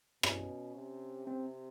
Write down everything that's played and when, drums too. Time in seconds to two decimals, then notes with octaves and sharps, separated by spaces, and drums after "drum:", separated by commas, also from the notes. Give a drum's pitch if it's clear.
0.23 B2 C#4, drum: rim click
0.75 C3
1.27 C3 C4